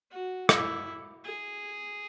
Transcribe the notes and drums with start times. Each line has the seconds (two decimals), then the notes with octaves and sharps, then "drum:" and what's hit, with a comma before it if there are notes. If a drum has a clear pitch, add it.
0.11 F#4
0.49 E4, drum: rim click
1.24 G#4